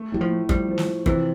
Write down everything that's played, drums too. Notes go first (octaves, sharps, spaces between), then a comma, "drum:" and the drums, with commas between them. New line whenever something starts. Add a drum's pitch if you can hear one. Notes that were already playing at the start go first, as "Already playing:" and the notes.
Already playing: A3
A2 G3
F3
A3
F3 G3, drum: kick
F3
drum: snare
F3
C3 E3, drum: kick